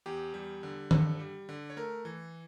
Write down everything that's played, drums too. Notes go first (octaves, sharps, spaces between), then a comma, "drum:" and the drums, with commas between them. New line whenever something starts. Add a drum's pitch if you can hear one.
E2 G4
G3
D3
G2 A4, drum: tom
G3
D3
C#5
A3 A#4
E3